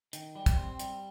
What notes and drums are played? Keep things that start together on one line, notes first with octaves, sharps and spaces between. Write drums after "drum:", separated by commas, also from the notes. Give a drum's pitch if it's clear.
D#3, drum: hi-hat
G3
drum: kick, hi-hat
C4
G3, drum: hi-hat